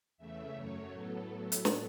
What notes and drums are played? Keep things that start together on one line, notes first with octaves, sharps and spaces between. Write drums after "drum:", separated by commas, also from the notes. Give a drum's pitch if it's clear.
E2 C#3 A3 E5
F#2 F#3 A3 C#5
A2 F#3 B3 A4
drum: hi-hat
drum: snare